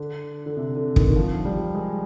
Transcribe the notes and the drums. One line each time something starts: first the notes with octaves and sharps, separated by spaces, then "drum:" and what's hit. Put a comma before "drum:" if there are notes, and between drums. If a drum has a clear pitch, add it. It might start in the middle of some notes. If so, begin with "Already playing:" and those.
Already playing: D3
D3
C3
D3
D#3, drum: kick
D#3
F3
G3
G#3